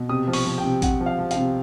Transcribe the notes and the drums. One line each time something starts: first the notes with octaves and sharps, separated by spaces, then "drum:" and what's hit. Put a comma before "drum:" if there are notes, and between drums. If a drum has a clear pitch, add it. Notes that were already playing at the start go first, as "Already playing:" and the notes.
Already playing: B2
C3 D#6
F3
C#6, drum: open hi-hat
F3
G5
C3
C3 F#5, drum: kick A1, hi-hat
F3
F5
F3
F5, drum: hi-hat
C3